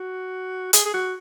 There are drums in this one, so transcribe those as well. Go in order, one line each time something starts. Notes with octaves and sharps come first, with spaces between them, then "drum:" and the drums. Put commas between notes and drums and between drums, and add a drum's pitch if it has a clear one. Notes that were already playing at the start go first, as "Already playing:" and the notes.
Already playing: F#4
G#4, drum: hi-hat
G#4
F#4